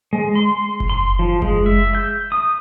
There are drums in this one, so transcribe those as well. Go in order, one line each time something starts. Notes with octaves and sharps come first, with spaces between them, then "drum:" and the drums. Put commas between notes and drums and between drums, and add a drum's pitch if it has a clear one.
G#3
C6
drum: kick F#1
C6
F3
G#3, drum: kick F#1
E5
G6
D#6